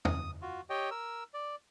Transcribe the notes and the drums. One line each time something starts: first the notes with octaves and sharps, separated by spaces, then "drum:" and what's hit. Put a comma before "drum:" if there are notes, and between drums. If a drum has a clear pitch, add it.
D#6, drum: tom
F4 F#4
G4 C#5 D#5 G5
A#4 E6
D5